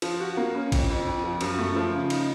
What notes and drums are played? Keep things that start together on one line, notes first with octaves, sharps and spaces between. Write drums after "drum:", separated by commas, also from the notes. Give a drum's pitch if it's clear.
F3, drum: cymbal
F#4
A#3
C#4
F2, drum: kick A1, cymbal
F2
F2
F3
F#2, drum: cymbal
A3
F3
C#3
D#4, drum: cymbal